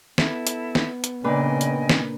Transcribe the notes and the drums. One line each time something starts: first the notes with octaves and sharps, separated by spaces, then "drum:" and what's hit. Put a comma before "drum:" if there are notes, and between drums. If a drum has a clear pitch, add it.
B3 E4 A4, drum: snare
drum: hi-hat
drum: snare
drum: hi-hat
A#2 C#3 D4 B4 D#5 G5 G#5
drum: hi-hat
drum: snare